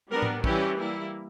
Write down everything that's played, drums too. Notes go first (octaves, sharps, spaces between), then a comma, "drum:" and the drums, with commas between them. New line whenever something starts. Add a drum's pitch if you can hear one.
G3 B3 D4 A#4
drum: tom A2
E3 G3 C#4 E4 G4, drum: kick
G3 A#3 E4